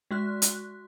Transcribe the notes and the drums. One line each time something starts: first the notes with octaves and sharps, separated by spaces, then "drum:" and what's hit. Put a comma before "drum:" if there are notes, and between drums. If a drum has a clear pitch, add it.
G#3 F#4 F#6
drum: hi-hat